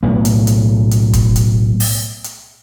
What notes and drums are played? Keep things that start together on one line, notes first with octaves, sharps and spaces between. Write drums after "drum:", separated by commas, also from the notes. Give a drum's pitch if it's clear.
B1 A2 B3
drum: hi-hat
drum: hi-hat
drum: hi-hat
drum: kick, hi-hat
drum: hi-hat
drum: open hi-hat
drum: hi-hat